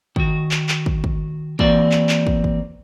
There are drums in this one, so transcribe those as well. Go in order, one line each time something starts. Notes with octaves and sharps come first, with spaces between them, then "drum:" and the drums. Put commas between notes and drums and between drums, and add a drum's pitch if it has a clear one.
D#3 F#4, drum: kick
drum: clap
drum: clap
drum: kick
drum: kick
E3 A#3 C4 F#4 D5, drum: kick
drum: clap
drum: clap
drum: kick
drum: kick